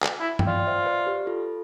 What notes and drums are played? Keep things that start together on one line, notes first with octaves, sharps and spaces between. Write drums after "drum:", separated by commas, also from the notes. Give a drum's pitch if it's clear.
drum: clap
E4
G5, drum: tom G2
F4 D5 F5
D5
C5 E5
C5
B4 D5
G4 B4
F4 A4